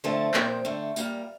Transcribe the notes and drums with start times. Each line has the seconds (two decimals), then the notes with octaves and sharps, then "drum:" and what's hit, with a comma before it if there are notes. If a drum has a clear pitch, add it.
0.04 D3 F3 A3 C4 A5
0.34 A#2 F3 C4 G5, drum: clap
0.65 D3 A3 C4
0.96 A#2 G3 A#3 F5, drum: tambourine